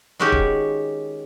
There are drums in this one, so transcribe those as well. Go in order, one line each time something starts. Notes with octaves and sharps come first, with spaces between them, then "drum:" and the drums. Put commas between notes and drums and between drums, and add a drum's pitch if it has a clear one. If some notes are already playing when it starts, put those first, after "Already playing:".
D#3 G#3 C#4 F#4 G4
drum: kick